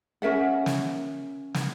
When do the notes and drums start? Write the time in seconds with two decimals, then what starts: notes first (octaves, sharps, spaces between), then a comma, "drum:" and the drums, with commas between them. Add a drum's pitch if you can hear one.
0.22 C#4 A#4 E5 F#5
0.66 drum: snare
1.54 drum: snare